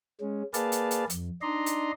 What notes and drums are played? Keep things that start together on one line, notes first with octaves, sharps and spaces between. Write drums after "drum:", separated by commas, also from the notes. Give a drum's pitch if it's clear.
G#3 C#4
A#3 G#4 B4 D5 F5 A5, drum: hi-hat
drum: hi-hat
drum: hi-hat
F2, drum: hi-hat
D4 D#4 D5 D#5 A#5 C6
drum: hi-hat